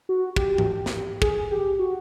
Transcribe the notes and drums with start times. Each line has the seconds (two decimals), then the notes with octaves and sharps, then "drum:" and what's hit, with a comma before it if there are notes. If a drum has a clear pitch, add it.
0.09 F#4
0.36 G4, drum: kick
0.58 drum: tom
0.86 drum: snare
1.22 G#4, drum: kick
1.51 G4
1.79 F#4